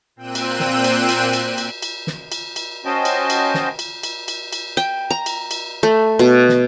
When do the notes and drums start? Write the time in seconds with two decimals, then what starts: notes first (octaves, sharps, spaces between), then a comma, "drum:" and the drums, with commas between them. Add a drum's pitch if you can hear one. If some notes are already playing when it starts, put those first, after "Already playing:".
0.16 A#2 C4 G5 E6 F#6 D#7
0.35 drum: cymbal
0.60 drum: snare
0.84 drum: cymbal
1.09 drum: cymbal
1.33 drum: cymbal
1.58 drum: cymbal
1.82 drum: cymbal
2.07 drum: snare
2.32 drum: cymbal
2.56 drum: cymbal
2.85 C#4 F#4 C5 D#5 G5 A5
3.05 drum: cymbal
3.30 drum: cymbal
3.54 drum: snare
3.79 drum: cymbal
4.03 drum: cymbal
4.28 drum: cymbal
4.53 drum: cymbal
4.77 G5
5.10 A#5
5.26 drum: cymbal
5.51 drum: cymbal
5.83 A3
6.19 B2
6.49 drum: snare